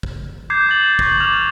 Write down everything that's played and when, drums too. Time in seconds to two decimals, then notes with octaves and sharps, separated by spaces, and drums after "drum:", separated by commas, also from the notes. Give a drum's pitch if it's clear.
0.03 drum: kick
0.50 D6 G6 G#6 C7
0.69 D6 G#6 A6 F#7
0.99 C#6 G6 A#6, drum: kick
1.20 D6 F6 A6 F7